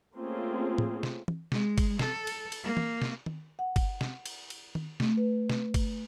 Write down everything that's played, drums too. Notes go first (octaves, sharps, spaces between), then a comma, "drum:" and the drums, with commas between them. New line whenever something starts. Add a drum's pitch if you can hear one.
A3 A#3 C4 C#4 F4 G#4
drum: tom
drum: snare
drum: tom
G#3, drum: snare
drum: kick G1, cymbal
A4, drum: snare
drum: cymbal
drum: cymbal
A#3
drum: tom
drum: snare
drum: tom D#3
F#5
drum: kick G1, cymbal
drum: snare
drum: cymbal
drum: cymbal
drum: tom D#3
A3, drum: snare
B4
drum: snare
drum: kick G1, cymbal